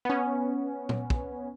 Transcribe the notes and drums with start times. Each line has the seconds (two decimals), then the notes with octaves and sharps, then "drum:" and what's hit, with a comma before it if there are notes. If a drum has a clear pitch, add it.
0.05 B3 C#4
0.89 drum: tom A#2
1.10 drum: kick